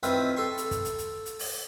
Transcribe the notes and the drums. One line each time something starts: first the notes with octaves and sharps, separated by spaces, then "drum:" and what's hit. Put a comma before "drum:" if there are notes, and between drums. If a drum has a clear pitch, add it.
D#3 C4 E4 F4 B4, drum: hi-hat
A4 C6 C#6
drum: hi-hat
drum: kick, hi-hat
drum: hi-hat
drum: hi-hat
drum: hi-hat
drum: open hi-hat